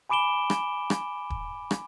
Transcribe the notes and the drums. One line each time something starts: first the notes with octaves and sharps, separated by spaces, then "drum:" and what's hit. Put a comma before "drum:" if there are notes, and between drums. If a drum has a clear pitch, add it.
G#5 B5 D6 D7 E7 G7
drum: rim click
drum: rim click
drum: kick D#1
drum: rim click